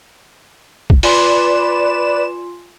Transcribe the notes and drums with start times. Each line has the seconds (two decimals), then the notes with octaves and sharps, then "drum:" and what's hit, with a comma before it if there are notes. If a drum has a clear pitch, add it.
0.90 drum: kick
1.03 F4 B4 D5 G#5 C6 E7, drum: open hi-hat